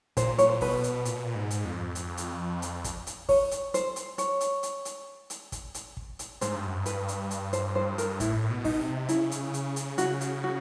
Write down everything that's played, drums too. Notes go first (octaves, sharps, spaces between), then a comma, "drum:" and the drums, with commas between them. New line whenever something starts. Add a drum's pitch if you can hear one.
A#2 C5, drum: kick, hi-hat
C#5, drum: hi-hat
C5
B2 B4, drum: kick, open hi-hat
drum: hi-hat
A#2, drum: hi-hat
B2
A#2
G#2
drum: hi-hat
F2
drum: hi-hat
drum: hi-hat
drum: hi-hat
drum: kick, hi-hat
drum: hi-hat
C#5, drum: kick, open hi-hat
drum: hi-hat
C5, drum: hi-hat
drum: hi-hat
C#5, drum: hi-hat
drum: hi-hat
drum: hi-hat
drum: hi-hat
drum: hi-hat
drum: kick, hi-hat
drum: hi-hat
drum: kick
drum: hi-hat
G#2 C5, drum: hi-hat
G2
F#2
G2
B4, drum: hi-hat
drum: hi-hat
drum: hi-hat
C5, drum: hi-hat
C5
A#4, drum: hi-hat
A2 E4, drum: kick, hi-hat
B2
D#4, drum: kick, open hi-hat
C3
C#3 E4, drum: hi-hat
drum: hi-hat
drum: hi-hat
drum: hi-hat
F#4, drum: hi-hat
drum: hi-hat
F#4